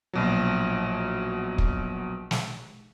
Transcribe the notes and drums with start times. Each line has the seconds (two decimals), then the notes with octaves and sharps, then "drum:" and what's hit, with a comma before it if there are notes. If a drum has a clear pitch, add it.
0.13 A#1 B2 F#3
1.58 drum: kick
2.31 drum: snare